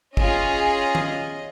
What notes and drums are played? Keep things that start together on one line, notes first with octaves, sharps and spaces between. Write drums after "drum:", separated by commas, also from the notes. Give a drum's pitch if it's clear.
C#4 F4 G#4 D#5, drum: kick
drum: tom D#3